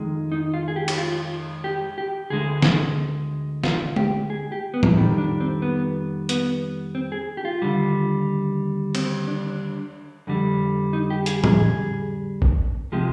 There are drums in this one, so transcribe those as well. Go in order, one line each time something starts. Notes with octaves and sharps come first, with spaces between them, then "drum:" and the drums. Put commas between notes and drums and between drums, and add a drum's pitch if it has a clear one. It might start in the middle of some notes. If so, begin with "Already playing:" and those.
Already playing: F2 D#3 G#3
D#4
F4
G#4
G4
G4, drum: cymbal
F4
G4
G4
D2 D3 G#3 G#4
drum: snare
F4, drum: snare
G4, drum: tom G#3
G#4
G4
B3
drum: tom
F2 D#3 G3 C4
D4
C4
B3
B3, drum: hi-hat
C4
G#4
G4
F4
D#2 D3 G3
C4, drum: cymbal
D4
F2 D3 G3
D#4
G4
G#4, drum: hi-hat
G#4, drum: tom
G#4
drum: kick G#1
C3 F3 G#3 G4